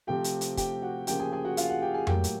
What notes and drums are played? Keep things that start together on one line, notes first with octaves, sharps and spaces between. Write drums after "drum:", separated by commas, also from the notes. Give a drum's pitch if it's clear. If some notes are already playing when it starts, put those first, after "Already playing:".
C3 F3 A3 G4 G5
drum: hi-hat
drum: hi-hat
G4 G5, drum: kick, hi-hat
F#4 F#5
C#3 F3 A#3 G4 G5, drum: hi-hat
G#4 G#5
G#4 G#5
F#4 F#5
F4 F5, drum: hi-hat
F#4 F#5
G4 G5
G#4 G#5
A2 F#3 A#3 G4 G5, drum: tom F2
drum: hi-hat